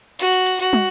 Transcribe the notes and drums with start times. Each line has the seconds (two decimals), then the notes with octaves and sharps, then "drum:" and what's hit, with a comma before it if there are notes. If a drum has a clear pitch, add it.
0.19 F#4, drum: hi-hat
0.33 drum: hi-hat
0.46 drum: hi-hat
0.60 F#4, drum: hi-hat
0.73 drum: tom